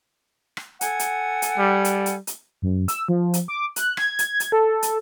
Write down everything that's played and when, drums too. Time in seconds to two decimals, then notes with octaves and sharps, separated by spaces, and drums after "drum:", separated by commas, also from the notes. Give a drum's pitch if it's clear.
0.57 drum: rim click
0.81 A4 F#5 G#5, drum: hi-hat
0.99 drum: hi-hat
1.42 drum: hi-hat
1.58 G3
1.85 drum: hi-hat
2.06 drum: hi-hat
2.27 drum: hi-hat
2.62 F#2
2.88 E6, drum: hi-hat
3.09 F3
3.34 drum: hi-hat
3.48 D6
3.76 F#6, drum: hi-hat
3.97 G#6, drum: rim click
4.19 drum: hi-hat
4.40 drum: hi-hat
4.52 A4
4.83 drum: hi-hat